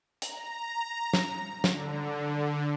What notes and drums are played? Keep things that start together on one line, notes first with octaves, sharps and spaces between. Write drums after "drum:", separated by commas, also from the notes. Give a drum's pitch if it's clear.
A#5, drum: hi-hat
drum: snare
D3, drum: snare